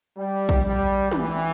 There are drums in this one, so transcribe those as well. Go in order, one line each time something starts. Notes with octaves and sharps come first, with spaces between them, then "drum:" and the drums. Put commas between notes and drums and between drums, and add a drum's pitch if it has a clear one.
G3
drum: kick A#1
G3
E3, drum: tom